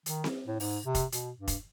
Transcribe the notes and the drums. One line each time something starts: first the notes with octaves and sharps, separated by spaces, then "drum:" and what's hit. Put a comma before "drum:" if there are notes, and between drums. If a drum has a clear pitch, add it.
D#3, drum: hi-hat
drum: snare C4
A2
G#2, drum: open hi-hat
C3
drum: kick F1, hi-hat
B2, drum: hi-hat
G2
drum: kick F1, hi-hat